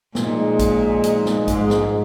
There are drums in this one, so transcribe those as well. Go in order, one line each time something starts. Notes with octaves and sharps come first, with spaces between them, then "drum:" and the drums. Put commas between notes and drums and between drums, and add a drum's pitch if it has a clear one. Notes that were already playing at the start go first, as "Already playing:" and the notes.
A#2 F3 G#3 D#4 G#4, drum: snare
drum: kick A#1, hi-hat
drum: hi-hat
drum: snare
G#2, drum: kick A#1, hi-hat
drum: snare